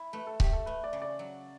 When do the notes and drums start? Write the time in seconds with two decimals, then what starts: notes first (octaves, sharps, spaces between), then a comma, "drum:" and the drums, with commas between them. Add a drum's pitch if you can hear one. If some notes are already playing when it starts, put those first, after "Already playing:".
Already playing: E4
0.13 A3 B4
0.27 A4
0.40 A3 G4, drum: kick C#1
0.53 A4
0.66 A3 B4
0.84 D5
0.93 C#3
1.02 D5
1.19 F#3